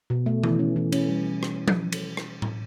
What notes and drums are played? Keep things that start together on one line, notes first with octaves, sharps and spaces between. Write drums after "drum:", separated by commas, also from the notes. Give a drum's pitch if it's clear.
B2
A3
E3, drum: tom D#3
C#4
E3
C#4, drum: cymbal
G3
drum: rim click
drum: tom F3
drum: cymbal
drum: rim click
drum: tom A2